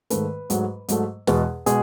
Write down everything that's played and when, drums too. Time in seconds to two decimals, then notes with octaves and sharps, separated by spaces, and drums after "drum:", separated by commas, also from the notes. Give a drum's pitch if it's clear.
0.10 G#2 D#3 A3 B4, drum: hi-hat
0.50 G#2 F#3 A3, drum: hi-hat
0.88 G#2 F#3 A3, drum: hi-hat
1.27 E2 B2 G#3, drum: snare
1.66 B2 G#3 G#4, drum: hi-hat